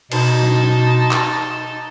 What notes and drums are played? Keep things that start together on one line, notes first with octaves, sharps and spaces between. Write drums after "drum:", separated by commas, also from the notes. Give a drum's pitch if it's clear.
B2 D#4 A5, drum: cymbal
drum: tom F#3
drum: clap